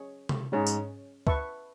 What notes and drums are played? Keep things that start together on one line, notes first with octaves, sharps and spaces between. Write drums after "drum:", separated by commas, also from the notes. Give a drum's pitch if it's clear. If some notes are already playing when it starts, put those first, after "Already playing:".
Already playing: C#4 G#4 C#5
drum: tom C3
G#2 C#4 G#4 C#5
drum: tambourine
B4 E5 A5 C#6, drum: kick